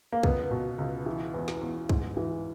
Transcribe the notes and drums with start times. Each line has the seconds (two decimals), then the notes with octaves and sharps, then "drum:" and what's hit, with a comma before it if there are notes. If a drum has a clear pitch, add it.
0.13 A#3
0.23 C#2 B3, drum: kick
0.51 B2
0.78 C#2
1.06 E3
1.34 E2
1.48 drum: snare
1.61 E2
1.89 G#2, drum: kick
2.17 E3